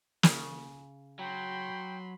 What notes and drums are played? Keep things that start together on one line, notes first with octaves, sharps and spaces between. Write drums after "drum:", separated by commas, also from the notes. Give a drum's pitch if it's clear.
C#3, drum: snare
F#3 G5 B5 C6